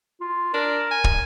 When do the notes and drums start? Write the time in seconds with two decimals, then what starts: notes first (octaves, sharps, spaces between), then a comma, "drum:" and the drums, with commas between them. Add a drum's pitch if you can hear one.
0.21 F4
0.54 D4 A#4
0.91 G#5
1.04 drum: kick